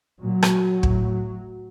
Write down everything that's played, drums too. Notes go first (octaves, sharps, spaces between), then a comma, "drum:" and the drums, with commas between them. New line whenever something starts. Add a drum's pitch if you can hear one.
A#2 F#3
drum: rim click
A2, drum: kick